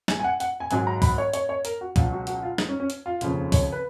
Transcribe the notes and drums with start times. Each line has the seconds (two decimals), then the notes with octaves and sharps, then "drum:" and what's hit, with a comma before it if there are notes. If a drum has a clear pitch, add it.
0.08 G#5, drum: snare
0.19 G#5
0.24 F#5
0.40 F#5, drum: hi-hat
0.60 G#5
0.71 G#1 G#2 D#3 F#3 G#5, drum: hi-hat
0.87 A#5
1.02 B5, drum: kick C2, open hi-hat
1.18 C#5
1.33 C#5, drum: hi-hat
1.49 C#5
1.65 A#4, drum: hi-hat
1.81 F#4
1.96 C#2 B2 F#3 F4, drum: kick C2, hi-hat
2.12 F#4
2.27 F#4, drum: hi-hat
2.43 F4
2.58 D#4, drum: snare
2.69 C#4
2.80 C#4
2.90 drum: hi-hat
3.06 F4
3.21 F1 D#2 C#3 F3, drum: hi-hat
3.52 C#5, drum: kick C2, open hi-hat
3.72 B4